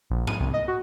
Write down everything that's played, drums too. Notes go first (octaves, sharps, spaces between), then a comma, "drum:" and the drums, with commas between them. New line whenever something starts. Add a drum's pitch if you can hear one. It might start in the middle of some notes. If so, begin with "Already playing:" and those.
A#1
D#7, drum: tom G#2
C2
D#5
F#4